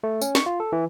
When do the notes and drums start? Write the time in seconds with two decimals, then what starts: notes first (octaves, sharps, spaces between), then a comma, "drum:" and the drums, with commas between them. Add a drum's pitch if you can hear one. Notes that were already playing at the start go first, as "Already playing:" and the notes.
0.03 A3
0.22 C#4, drum: tambourine
0.35 C#6, drum: snare
0.46 F4
0.60 A4
0.72 E3